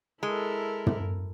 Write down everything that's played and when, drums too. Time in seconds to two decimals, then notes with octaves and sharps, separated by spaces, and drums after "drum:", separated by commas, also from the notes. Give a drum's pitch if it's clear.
0.23 G#3 E4 A4 A#4
0.87 drum: tom